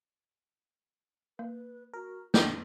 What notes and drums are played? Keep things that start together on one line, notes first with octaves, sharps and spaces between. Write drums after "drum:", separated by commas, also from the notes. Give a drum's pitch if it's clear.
A#3 B4
F#4 A#4
B3 D4 D#4 F#5 G5 B5 G6, drum: snare
C4